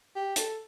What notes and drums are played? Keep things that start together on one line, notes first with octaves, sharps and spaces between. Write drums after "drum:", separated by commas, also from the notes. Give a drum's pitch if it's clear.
G4
A4, drum: hi-hat